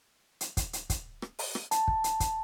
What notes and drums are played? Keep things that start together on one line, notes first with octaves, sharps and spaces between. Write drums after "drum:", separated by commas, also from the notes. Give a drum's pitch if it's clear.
drum: hi-hat
drum: kick, hi-hat
drum: hi-hat
drum: kick, hi-hat
drum: rim click
drum: open hi-hat
drum: rim click
A5, drum: hi-hat
drum: kick
drum: hi-hat
drum: kick, hi-hat